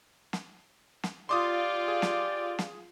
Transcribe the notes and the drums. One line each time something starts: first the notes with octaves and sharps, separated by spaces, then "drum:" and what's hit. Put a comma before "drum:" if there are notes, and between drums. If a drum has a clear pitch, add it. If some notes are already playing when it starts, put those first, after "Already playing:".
drum: snare
drum: snare
F4 G4 D5 C6 D6 D#6
G#4
drum: snare
drum: snare